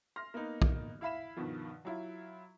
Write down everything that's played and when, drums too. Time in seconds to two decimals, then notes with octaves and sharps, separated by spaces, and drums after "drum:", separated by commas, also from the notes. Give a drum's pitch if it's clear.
0.16 C6 F6 A#6
0.34 A#3 B3 D#4
0.62 drum: kick
1.01 E4 E5 F5 B5 B6 E7
1.36 G2 B2 D#3 F3
1.85 F#3 E4 F4